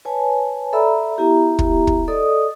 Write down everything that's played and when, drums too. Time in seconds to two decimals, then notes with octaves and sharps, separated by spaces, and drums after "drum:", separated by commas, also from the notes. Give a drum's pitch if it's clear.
0.05 B4 C#5 G#5 A5
0.73 A4 D5 E5 A#5 B5 E6
1.16 B3 E4 G4 E5 A#5
1.59 drum: kick
1.87 drum: kick
2.08 A4 D5 D#5 D#6